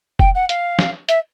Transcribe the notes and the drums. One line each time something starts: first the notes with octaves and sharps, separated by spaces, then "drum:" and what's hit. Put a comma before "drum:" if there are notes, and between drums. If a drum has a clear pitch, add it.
G5, drum: kick
F#5
F5, drum: hi-hat
drum: snare
E5, drum: hi-hat